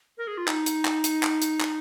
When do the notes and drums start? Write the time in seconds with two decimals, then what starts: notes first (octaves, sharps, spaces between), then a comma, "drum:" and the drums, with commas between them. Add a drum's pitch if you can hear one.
0.18 A#4
0.27 G#4
0.38 F4
0.48 D#4, drum: clap
0.66 drum: hi-hat
0.85 drum: clap
1.04 drum: hi-hat
1.23 drum: clap
1.42 drum: hi-hat
1.60 drum: clap